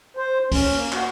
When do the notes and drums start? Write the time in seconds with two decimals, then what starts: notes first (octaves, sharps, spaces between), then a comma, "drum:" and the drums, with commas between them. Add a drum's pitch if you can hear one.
0.17 C5
0.52 C#4, drum: kick C#2, open hi-hat
0.74 A#3
0.93 F#4, drum: clap